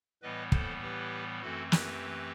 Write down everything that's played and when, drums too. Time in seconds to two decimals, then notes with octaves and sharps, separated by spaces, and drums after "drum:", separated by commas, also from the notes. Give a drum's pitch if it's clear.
0.22 A2 E3 G3 B3 B4 D#5
0.52 A4 C5, drum: kick
0.82 G4 B4
1.42 F#2 E3 A3 C4 F#4 A4
1.72 G4 B4, drum: snare